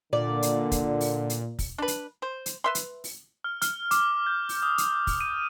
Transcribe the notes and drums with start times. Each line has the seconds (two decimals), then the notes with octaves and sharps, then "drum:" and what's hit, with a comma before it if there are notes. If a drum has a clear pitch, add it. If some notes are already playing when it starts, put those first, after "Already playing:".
0.13 A#2 D3 D5
0.42 drum: hi-hat
0.72 drum: kick, hi-hat
1.01 drum: open hi-hat
1.30 drum: hi-hat
1.59 drum: kick, open hi-hat
1.78 D4 B4
1.88 drum: hi-hat
2.22 C5
2.46 drum: hi-hat
2.64 B4 E5 C6
2.75 drum: hi-hat
3.04 drum: open hi-hat
3.44 F6
3.62 F6, drum: hi-hat
3.91 D6, drum: hi-hat
4.26 G6
4.49 drum: open hi-hat
4.63 D#6
4.78 drum: hi-hat
5.07 drum: kick, open hi-hat
5.21 D#7